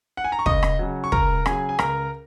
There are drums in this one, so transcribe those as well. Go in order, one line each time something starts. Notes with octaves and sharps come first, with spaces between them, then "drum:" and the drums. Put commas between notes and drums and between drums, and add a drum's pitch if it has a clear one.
F#5
G#5
A#5
C#6
C#2 D#5 D#6, drum: kick
drum: rim click
C#3 F#3
C#6
C#2 A#4 A#5, drum: kick
C#3 F#3 G#4 G#5, drum: rim click
G#5
C#2 A#4 A#5, drum: rim click